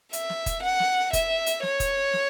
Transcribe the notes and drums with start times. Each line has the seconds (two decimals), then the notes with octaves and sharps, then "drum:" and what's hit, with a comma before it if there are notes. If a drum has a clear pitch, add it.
0.13 E5, drum: hi-hat
0.30 drum: snare
0.46 drum: kick, hi-hat
0.63 F#5
0.80 drum: snare
1.13 E5, drum: kick, hi-hat
1.46 drum: hi-hat
1.63 C#5, drum: snare
1.80 drum: kick, hi-hat
2.13 drum: snare